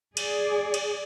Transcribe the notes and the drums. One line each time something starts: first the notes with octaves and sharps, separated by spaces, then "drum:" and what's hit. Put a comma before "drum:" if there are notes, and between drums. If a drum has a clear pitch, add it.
G#4 D5, drum: cymbal
drum: cymbal